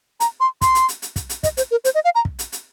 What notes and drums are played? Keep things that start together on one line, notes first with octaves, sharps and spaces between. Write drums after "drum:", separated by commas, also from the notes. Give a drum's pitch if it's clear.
A#5, drum: hi-hat
C6
C6, drum: kick, hi-hat
drum: hi-hat
drum: hi-hat
drum: hi-hat
drum: kick, hi-hat
drum: hi-hat
D#5, drum: kick, hi-hat
C5, drum: hi-hat
A#4
C5, drum: hi-hat
D#5
F5
A#5
drum: kick
drum: hi-hat
drum: hi-hat